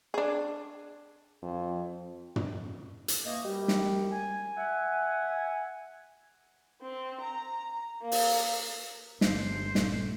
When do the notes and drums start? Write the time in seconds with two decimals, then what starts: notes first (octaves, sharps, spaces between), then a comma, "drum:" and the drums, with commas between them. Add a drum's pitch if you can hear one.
0.14 D4 G#4
1.42 F2
2.36 drum: tom
3.08 drum: hi-hat
3.25 E3 A3 A#3 D#5
3.45 F#2 G3 G4
3.68 drum: snare
4.11 G#5
4.57 E5 F#5
6.82 C4
7.20 A#5
8.02 A#3
8.12 drum: open hi-hat
9.21 G1 C5, drum: snare
9.75 A#1 A3, drum: snare